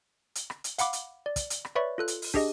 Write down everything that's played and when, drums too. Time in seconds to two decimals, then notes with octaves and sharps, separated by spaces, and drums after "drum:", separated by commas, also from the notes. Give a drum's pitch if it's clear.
0.35 drum: hi-hat
0.50 drum: rim click
0.64 drum: hi-hat
0.78 F5 F#5 B5 D6, drum: hi-hat
0.93 drum: hi-hat
1.26 D5
1.36 drum: kick, hi-hat
1.50 drum: hi-hat
1.65 drum: rim click
1.75 B4 C#5 D5 E5 B5 C#6
1.98 F4 A4 F#6
2.08 drum: hi-hat
2.22 drum: open hi-hat
2.34 D4 G4 G#4 D#5, drum: kick